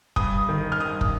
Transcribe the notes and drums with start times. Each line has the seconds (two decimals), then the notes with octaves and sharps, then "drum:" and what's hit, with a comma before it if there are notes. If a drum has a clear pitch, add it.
0.16 G2 D#6, drum: kick
0.49 D#3
0.72 F6
0.79 G2 D#6
1.01 drum: kick